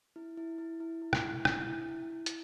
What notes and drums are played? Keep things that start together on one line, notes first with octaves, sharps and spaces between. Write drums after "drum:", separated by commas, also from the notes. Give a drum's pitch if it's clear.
E4
E4
E4
E4
E4
drum: rim click
E4
E4, drum: rim click
E4
E4
E4
drum: hi-hat